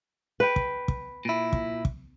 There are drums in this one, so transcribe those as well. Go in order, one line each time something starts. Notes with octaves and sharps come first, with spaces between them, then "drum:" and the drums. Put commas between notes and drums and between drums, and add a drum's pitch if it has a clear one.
B4 G5
drum: kick
drum: kick
A#2 E4
drum: kick
drum: kick